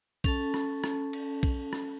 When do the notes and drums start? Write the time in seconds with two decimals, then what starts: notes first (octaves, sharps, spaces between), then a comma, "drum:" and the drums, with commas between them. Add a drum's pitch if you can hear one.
0.24 C#4 A4 A5, drum: kick, cymbal
0.54 drum: rim click
0.84 drum: rim click
1.13 drum: cymbal
1.43 drum: kick, cymbal
1.73 drum: rim click